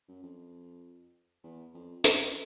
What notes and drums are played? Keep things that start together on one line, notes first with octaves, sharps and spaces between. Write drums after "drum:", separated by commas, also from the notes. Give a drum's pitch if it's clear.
F#2
F2
E2
F2
F#2, drum: hi-hat